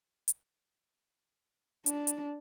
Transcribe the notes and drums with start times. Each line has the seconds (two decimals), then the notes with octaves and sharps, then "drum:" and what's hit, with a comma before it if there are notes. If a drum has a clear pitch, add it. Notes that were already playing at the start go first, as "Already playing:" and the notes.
0.28 drum: hi-hat
1.86 D4, drum: hi-hat
2.07 drum: hi-hat